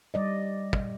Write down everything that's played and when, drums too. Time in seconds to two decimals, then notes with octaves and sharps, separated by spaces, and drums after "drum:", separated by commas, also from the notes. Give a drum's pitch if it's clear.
0.14 G3 D5 D#5
0.73 drum: kick